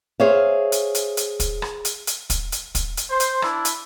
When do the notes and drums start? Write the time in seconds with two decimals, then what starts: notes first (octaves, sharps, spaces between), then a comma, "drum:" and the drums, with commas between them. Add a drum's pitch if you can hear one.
0.20 G#4 C5 C#5 E5 F5
0.72 drum: hi-hat
0.95 drum: hi-hat
1.17 drum: hi-hat
1.40 drum: kick, hi-hat
1.62 drum: rim click
1.85 drum: hi-hat
2.07 drum: hi-hat
2.30 drum: kick, hi-hat
2.52 drum: hi-hat
2.75 drum: kick, hi-hat
2.97 drum: hi-hat
3.10 C5
3.20 drum: hi-hat
3.42 D4 E4, drum: rim click
3.65 drum: hi-hat